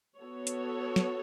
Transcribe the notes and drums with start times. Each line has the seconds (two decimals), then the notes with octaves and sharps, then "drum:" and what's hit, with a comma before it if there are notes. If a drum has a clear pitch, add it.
0.20 B3 F#4 A4 C#5
0.47 drum: hi-hat
0.96 drum: snare